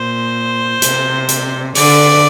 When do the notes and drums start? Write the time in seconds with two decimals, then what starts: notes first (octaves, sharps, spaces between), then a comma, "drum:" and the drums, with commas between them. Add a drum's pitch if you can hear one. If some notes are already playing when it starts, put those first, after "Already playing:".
Already playing: A#2 C5
0.82 C3, drum: hi-hat
1.29 drum: hi-hat
1.75 D3 D5, drum: open hi-hat